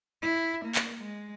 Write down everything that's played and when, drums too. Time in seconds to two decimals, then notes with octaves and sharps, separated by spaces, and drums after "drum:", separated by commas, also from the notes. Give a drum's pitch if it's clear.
0.22 E4
0.65 A#3
0.75 drum: clap
0.99 G#3